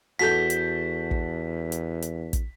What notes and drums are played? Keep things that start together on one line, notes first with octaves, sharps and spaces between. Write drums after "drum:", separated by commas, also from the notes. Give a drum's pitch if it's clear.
E2 F#4 A4 G6 B6
drum: hi-hat
drum: kick
drum: hi-hat
drum: hi-hat
drum: kick, hi-hat